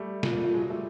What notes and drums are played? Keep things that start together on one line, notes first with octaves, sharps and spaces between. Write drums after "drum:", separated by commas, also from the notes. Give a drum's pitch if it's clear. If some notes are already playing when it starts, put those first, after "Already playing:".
Already playing: G3 A3
F4, drum: snare
A#3
A3
F#3 G#3
G3 A3